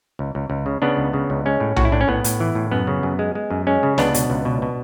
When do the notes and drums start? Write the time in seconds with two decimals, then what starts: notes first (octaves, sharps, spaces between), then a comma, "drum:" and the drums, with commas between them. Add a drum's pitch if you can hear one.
0.19 C#2
0.35 C#2
0.50 C#2
0.66 C#3
0.82 C#3 B3 D4
0.97 C#2
1.13 C#3
1.30 C#2
1.46 G#3 C#4
1.60 A2
1.76 A2 F#4, drum: tom B1
1.85 E4
1.92 A2 D4
2.01 C#4
2.08 A2 B3
2.24 A2, drum: hi-hat
2.40 E3
2.55 A2
2.72 F#2 B3
2.87 C#3
3.03 F#2
3.19 G#3
3.35 G#3
3.50 F#2
3.67 G#3 C#4
3.83 C#3
3.98 C#2 B3 D4, drum: snare
4.14 B2, drum: hi-hat
4.30 C#2
4.45 B2
4.62 B2